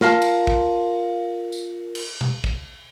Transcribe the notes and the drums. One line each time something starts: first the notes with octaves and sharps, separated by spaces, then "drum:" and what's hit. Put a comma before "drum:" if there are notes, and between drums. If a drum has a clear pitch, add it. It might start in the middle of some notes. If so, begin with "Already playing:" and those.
F4 A#4 F5 A5, drum: snare
drum: cymbal
drum: kick
drum: tambourine
drum: cymbal
drum: tom B2
drum: kick